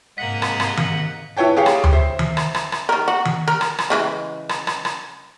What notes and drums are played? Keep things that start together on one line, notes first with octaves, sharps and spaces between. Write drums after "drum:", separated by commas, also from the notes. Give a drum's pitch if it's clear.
G#2 C3 A#3 D#5 F#5 B6
drum: rim click
drum: rim click
drum: tom D#3
E4 B4 C#5 G5 A5
G4 G#4 C#5 F5 G5
drum: rim click
drum: tom D2
C5 E5
drum: tom D#3
drum: rim click
drum: rim click
drum: rim click
D#3 A#4
F#4
drum: tom D#3
A#4
drum: rim click
drum: rim click
C#3 E3 G#3
drum: rim click
drum: rim click
drum: rim click